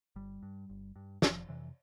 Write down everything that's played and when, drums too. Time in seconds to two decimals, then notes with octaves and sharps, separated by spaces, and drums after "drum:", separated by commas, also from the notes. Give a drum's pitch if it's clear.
0.16 G1 G3
0.43 G2
0.70 G1
0.96 G2
1.22 F1 F3, drum: snare
1.49 F2 C3 E3